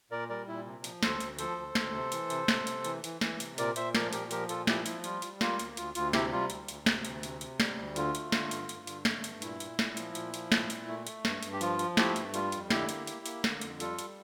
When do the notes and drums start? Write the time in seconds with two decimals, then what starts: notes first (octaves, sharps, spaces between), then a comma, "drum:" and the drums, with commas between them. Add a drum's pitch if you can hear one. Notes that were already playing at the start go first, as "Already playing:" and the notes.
0.11 A#2 A#4 D5
0.29 G3 A#4 D5
0.48 A#2 E4
0.66 C3
0.84 F3, drum: hi-hat
1.03 D2 A4 C5, drum: snare
1.20 D2, drum: hi-hat
1.39 F3 A4 C5, drum: hi-hat
1.57 D2
1.75 D2, drum: snare
1.94 C3
2.12 E3, drum: hi-hat
2.30 C3, drum: hi-hat
2.48 C3, drum: snare
2.67 C3, drum: hi-hat
2.84 E3, drum: hi-hat
3.04 E3, drum: hi-hat
3.21 E3, drum: snare
3.40 C3, drum: hi-hat
3.58 A#2 A#4 D5, drum: hi-hat
3.76 A#2 C5 E5, drum: hi-hat
3.95 F3 A#4 D5, drum: snare
4.13 A#2 G4 A#4, drum: hi-hat
4.31 F3 G4 A#4, drum: hi-hat
4.49 A#2 F4 A4, drum: hi-hat
4.67 F3 E4 G4, drum: snare
4.86 F3 E4, drum: hi-hat
5.04 G3 F4, drum: hi-hat
5.22 G3, drum: hi-hat
5.41 A#3 F4, drum: snare
5.59 D2, drum: hi-hat
5.77 D2 F4, drum: hi-hat
5.95 D2 F4, drum: hi-hat
6.13 C3 E4 G4, drum: snare
6.32 G3 F4
6.50 D2, drum: hi-hat
6.68 D2, drum: hi-hat
6.86 C3, drum: snare
7.05 D2, drum: hi-hat
7.23 C3, drum: hi-hat
7.41 C3, drum: hi-hat
7.60 G3, drum: snare
7.78 D2
7.96 D3 F4, drum: hi-hat
8.15 A3, drum: hi-hat
8.32 D3, drum: snare
8.51 G2, drum: hi-hat
8.69 G2, drum: hi-hat
8.87 D3, drum: hi-hat
9.05 A3, drum: snare
9.24 G2, drum: hi-hat
9.42 A#2 E4, drum: hi-hat
9.60 A#2, drum: hi-hat
9.79 A#2, drum: snare
9.97 F3, drum: hi-hat
10.15 A#2, drum: hi-hat
10.34 F3, drum: hi-hat
10.52 A#2, drum: snare
10.70 A#2, drum: hi-hat
10.88 A3
11.07 A3, drum: hi-hat
11.25 G2, drum: snare
11.43 G2, drum: hi-hat
11.53 G4
11.61 F3 F4, drum: hi-hat
11.79 F3, drum: hi-hat
11.97 A3 E4 G4, drum: snare
12.16 G2, drum: hi-hat
12.34 G3 F4, drum: hi-hat
12.52 F2, drum: hi-hat
12.70 D3 E4 G4, drum: snare
12.89 A#3, drum: hi-hat
13.07 A#3, drum: hi-hat
13.26 A#3, drum: hi-hat
13.44 D3, drum: snare
13.61 F2, drum: hi-hat
13.80 G3 F4 A4, drum: hi-hat
13.99 G3, drum: hi-hat